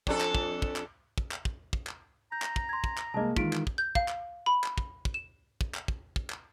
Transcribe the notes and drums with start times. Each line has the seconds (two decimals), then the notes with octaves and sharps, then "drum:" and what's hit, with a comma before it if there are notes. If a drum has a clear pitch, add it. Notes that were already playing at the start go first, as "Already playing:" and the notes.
0.07 F2 D4 A4, drum: kick
0.21 drum: clap
0.35 drum: kick
0.62 drum: kick
0.76 drum: clap
1.18 drum: kick
1.31 drum: clap
1.45 drum: kick
1.73 drum: kick
1.87 drum: clap
2.32 A#5 G6
2.42 drum: clap
2.56 drum: kick
2.69 C6 G#6
2.84 drum: kick
2.98 drum: clap
3.14 C2 G#3 A#3 D#5 A5
3.37 D#3 E3 G#3 F4 B6 D7, drum: kick
3.53 drum: clap
3.67 drum: kick
3.78 G6
3.95 F5, drum: kick
4.08 drum: clap
4.46 B5
4.64 drum: clap
4.78 drum: kick
5.05 drum: kick
5.14 E7
5.61 drum: kick
5.74 drum: clap
5.88 drum: kick
6.16 drum: kick
6.30 drum: clap